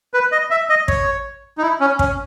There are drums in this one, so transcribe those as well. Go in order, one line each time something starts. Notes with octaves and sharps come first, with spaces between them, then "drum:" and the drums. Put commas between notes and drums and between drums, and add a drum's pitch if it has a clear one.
B4
D#5
E5
D#5
C#5, drum: kick
D#4
E4
C#4
C#4, drum: kick